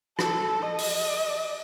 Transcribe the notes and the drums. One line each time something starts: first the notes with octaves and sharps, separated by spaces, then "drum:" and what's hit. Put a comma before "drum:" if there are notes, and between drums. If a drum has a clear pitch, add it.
A4, drum: rim click
D#5
drum: open hi-hat